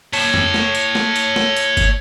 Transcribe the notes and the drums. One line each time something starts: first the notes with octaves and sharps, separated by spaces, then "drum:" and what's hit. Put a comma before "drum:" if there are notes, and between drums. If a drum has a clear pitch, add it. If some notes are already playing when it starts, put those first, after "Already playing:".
C#5 A5, drum: open hi-hat
drum: tom
drum: snare
drum: hi-hat
drum: snare
drum: hi-hat
drum: snare
drum: hi-hat
drum: kick G1, hi-hat